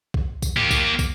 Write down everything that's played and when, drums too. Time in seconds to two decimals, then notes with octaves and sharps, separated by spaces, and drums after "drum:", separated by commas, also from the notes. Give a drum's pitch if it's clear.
0.14 drum: kick
0.42 drum: kick, tambourine
0.57 A#3 G4, drum: tom G#2
0.71 drum: kick, tambourine
0.99 drum: kick, tambourine